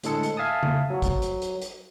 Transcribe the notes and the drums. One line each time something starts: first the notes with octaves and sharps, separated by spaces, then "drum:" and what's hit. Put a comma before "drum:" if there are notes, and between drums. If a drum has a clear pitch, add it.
A2 D3 G#3 G#4 A4 C#7, drum: hi-hat
drum: hi-hat
E5 F5 G#5 A5 D#6
drum: tom C#3
F#3 F#4
drum: kick, hi-hat
drum: hi-hat
drum: hi-hat
drum: hi-hat